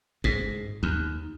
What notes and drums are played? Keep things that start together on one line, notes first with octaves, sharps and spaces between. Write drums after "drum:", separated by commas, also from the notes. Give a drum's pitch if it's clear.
G#2, drum: kick
D#2